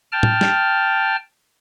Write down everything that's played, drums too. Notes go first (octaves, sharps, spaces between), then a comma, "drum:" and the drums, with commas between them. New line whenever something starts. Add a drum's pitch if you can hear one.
G5 A5 F6
drum: tom
drum: snare